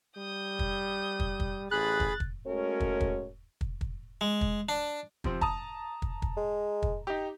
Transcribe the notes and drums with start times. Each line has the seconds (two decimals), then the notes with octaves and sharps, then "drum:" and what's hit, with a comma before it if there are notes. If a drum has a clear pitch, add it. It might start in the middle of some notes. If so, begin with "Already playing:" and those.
0.17 G3 D#6 G6
0.59 drum: kick
1.20 drum: kick
1.40 drum: kick
1.71 A1 G#4 B5 F#6 A6
2.00 drum: kick
2.20 drum: kick
2.47 G#3 A3 C#4 F#4 A#4 C#5
2.80 drum: kick
3.00 drum: kick
3.61 drum: kick
3.81 drum: kick
4.21 G#3
4.41 drum: kick
4.69 D4
5.24 C3 F3 C4, drum: kick
5.41 A5 A#5 D#6, drum: kick
6.02 drum: kick
6.22 drum: kick
6.37 G#3
6.83 drum: kick
7.07 D#4 G4